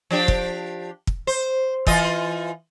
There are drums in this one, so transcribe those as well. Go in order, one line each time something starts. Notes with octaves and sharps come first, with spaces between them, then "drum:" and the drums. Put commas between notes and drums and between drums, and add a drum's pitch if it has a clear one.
F3 D4 G4
drum: kick
drum: kick
C5
E3 F4 D#5, drum: kick